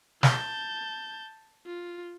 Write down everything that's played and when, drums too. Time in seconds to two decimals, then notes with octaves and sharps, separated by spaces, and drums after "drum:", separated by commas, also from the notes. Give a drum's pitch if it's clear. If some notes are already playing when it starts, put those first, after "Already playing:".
0.23 A5 G6, drum: snare
1.66 F4